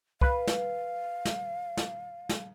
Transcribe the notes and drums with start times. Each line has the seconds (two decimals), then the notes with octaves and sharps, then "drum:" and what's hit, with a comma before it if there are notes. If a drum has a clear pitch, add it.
0.21 B4 F5, drum: kick
0.47 drum: snare
1.25 drum: snare
1.77 drum: snare
2.29 drum: snare